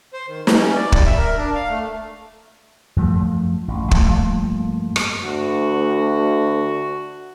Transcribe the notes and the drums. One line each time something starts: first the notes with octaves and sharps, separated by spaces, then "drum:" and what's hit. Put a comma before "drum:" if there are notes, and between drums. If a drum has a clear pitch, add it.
C5
D#3
D#4, drum: snare
C#4
D5
G3, drum: kick
E5
A#4
D4
F5
A3
F#2 F3 A3
A1
G2 F3 A3 A#3, drum: kick
drum: rim click
D2 F#4